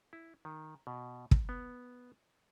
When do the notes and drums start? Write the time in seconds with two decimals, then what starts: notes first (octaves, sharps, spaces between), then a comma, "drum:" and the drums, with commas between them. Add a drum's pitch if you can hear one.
0.13 E4
0.45 D#3
0.87 B2
1.31 drum: kick
1.49 B3